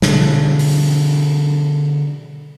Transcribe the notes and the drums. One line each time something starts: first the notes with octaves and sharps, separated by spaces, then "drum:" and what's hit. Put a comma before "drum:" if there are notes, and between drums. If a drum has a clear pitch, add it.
B2 D3, drum: snare
drum: open hi-hat